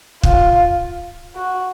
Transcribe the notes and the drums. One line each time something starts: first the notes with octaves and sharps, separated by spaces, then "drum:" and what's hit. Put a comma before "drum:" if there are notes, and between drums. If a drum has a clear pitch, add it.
F4, drum: kick
F#4